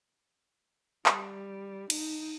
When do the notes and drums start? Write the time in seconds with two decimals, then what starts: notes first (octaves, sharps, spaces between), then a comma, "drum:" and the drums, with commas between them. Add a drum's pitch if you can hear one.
1.06 G3, drum: clap
1.90 D#4, drum: cymbal